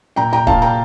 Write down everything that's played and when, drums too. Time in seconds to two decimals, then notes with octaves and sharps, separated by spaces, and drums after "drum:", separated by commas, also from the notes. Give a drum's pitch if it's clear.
0.16 A#2 G5 A#5
0.33 G5 A#5
0.47 A#2 F5 A5, drum: kick
0.62 G5 A#5